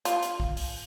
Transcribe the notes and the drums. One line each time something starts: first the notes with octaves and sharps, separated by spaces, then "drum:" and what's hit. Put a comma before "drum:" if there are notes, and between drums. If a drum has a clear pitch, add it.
F4, drum: hi-hat
drum: hi-hat
drum: kick
drum: open hi-hat